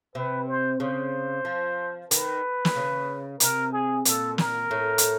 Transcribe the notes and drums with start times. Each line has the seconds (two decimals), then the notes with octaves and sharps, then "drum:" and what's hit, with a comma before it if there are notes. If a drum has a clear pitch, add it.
0.15 C3 B4
0.48 C5
0.80 C#3 C5
1.45 F3
2.11 D#3 B4, drum: hi-hat
2.65 drum: snare
2.76 C#3
3.40 C3 A#4, drum: hi-hat
3.72 G#4
4.05 A#2 A4, drum: hi-hat
4.38 A#4, drum: snare
4.71 A2
4.98 drum: hi-hat